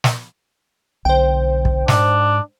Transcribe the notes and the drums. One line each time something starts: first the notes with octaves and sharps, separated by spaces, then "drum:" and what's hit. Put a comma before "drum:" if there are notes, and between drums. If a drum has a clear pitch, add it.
drum: snare
B1 D3 C5 G5
drum: kick
G#2 D4, drum: snare